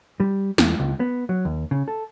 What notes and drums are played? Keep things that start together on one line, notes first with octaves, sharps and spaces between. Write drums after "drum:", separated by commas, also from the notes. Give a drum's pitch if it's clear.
G3
E2, drum: snare
C#2
B3
F#3
D#2
C#3
A4